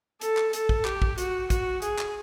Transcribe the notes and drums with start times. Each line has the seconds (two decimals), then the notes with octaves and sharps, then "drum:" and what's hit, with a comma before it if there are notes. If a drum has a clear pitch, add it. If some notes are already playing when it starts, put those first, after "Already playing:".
0.21 A4, drum: hi-hat
0.37 drum: clap
0.53 A4, drum: hi-hat
0.69 drum: kick
0.85 G4, drum: clap
1.02 drum: kick
1.18 F#4, drum: hi-hat
1.50 F#4, drum: kick, hi-hat
1.82 G#4, drum: hi-hat
1.99 drum: clap